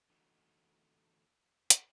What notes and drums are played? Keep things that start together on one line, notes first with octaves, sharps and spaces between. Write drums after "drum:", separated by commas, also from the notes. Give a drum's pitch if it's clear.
D3 E3 A3 C4 D#4 F#4
drum: hi-hat